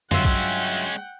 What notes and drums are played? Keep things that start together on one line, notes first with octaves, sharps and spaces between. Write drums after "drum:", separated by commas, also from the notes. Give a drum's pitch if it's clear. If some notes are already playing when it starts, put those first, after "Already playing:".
G2 F#3 G#3 C#4 F4 E5 F#5 G5, drum: tom F2
drum: kick A#1